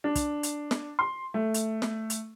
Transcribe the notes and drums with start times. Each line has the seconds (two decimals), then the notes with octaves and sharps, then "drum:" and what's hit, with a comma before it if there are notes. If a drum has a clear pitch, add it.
0.04 D4
0.15 drum: kick, hi-hat
0.43 drum: hi-hat
0.71 drum: snare
0.99 C6
1.34 A3
1.54 drum: hi-hat
1.82 drum: snare
2.10 drum: hi-hat